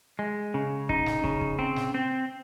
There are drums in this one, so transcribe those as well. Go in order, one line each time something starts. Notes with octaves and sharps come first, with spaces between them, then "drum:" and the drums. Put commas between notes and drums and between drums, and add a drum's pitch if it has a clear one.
G#3
C#3
D#4, drum: kick
drum: snare
C#3, drum: kick
drum: kick
C4
drum: snare
C4